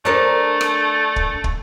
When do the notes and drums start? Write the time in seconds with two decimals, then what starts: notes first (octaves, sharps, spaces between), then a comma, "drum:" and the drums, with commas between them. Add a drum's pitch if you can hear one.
0.05 A3 D4 A#4 C#5
0.61 drum: rim click
1.16 drum: kick
1.44 drum: kick